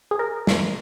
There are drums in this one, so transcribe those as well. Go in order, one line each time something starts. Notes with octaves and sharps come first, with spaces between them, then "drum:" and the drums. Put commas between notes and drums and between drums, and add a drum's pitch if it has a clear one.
G#4
A#4
drum: snare